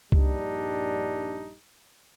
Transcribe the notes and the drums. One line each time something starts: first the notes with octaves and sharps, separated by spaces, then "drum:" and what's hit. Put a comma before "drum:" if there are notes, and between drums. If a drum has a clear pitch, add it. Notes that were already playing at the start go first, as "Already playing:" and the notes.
A#1 G2 G3 D4 D#4, drum: kick C2